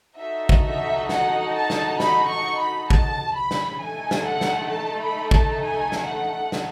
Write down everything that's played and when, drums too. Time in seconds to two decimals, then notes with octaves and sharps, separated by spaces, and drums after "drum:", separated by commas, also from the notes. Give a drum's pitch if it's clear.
0.19 D#4 F#4 A4 E5
0.49 drum: kick
0.64 E5
1.09 F#5, drum: snare
1.55 A5
1.70 drum: snare
2.00 B5, drum: snare
2.30 C#6
2.60 B5
2.90 A5, drum: kick
3.36 B5
3.51 drum: snare
3.81 A3 D#4 A4 G#5
4.11 drum: snare
4.26 F#5
4.41 drum: snare
4.71 A5
5.01 B5
5.31 A5, drum: kick
5.61 G#5
5.92 drum: snare
6.06 F#5
6.52 drum: snare